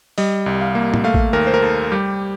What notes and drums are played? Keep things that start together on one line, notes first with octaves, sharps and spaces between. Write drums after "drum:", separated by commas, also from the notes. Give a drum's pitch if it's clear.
G3 D#5, drum: open hi-hat
C2
F5
A#3
drum: tom
A3 F5
drum: kick A1
D#2 A#4
C5
A#4
D#2 A4
G3 G4